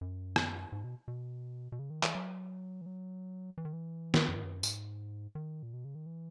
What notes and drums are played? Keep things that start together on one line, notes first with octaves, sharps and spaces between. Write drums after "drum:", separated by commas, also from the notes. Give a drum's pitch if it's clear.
F#2
drum: rim click
G#2
B2
B2
B2
C#3
D#3
E3, drum: clap
F#3
E3
F#3
E3
D#3
E3
drum: snare
F#2
G#2
F#2
G#2, drum: tambourine
D#3
A#2
B2
C#3
D#3
E3